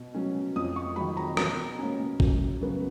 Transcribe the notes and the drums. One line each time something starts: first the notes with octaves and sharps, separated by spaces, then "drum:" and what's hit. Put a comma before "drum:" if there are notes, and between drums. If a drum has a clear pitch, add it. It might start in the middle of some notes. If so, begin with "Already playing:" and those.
Already playing: B2
F#3 C#4
F2 D#6
C#6
D#3 F#3 B5
A#5
B2 A#5, drum: rim click
A#3 C#4
F#2, drum: kick G#1
C#3 F#3 B3